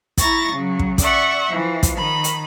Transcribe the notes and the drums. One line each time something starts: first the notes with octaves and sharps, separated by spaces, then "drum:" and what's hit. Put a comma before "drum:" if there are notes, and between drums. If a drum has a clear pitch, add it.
E4 A#5 C#6 A6 A#6, drum: kick, hi-hat
C#3 F#3
drum: kick
D5 E5 F#5 C#6, drum: kick, hi-hat
E3 F3
drum: kick, hi-hat
D#3 B5
drum: hi-hat